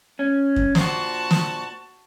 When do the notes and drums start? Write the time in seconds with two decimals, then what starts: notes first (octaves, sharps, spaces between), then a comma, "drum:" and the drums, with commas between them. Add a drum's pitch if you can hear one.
0.19 C#4
0.56 drum: kick F#2
0.75 A#2 F#4 C5 A5, drum: snare
1.31 drum: snare